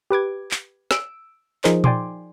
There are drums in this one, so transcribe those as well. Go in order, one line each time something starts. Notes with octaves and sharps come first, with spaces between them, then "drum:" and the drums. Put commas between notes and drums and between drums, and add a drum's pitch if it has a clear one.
G4 B4 D6 G#6
drum: clap
E6 D7, drum: snare
F3 D#4 G#4 A#4 C5, drum: clap
D5 G5 G#5 C6 D6, drum: tom A#2